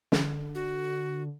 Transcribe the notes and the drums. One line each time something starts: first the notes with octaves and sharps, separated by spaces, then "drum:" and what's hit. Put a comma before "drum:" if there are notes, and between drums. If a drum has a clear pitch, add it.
D3, drum: snare
F#4